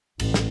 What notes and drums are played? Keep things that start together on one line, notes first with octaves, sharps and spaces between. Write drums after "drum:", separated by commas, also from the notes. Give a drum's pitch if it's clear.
A1, drum: cymbal
drum: snare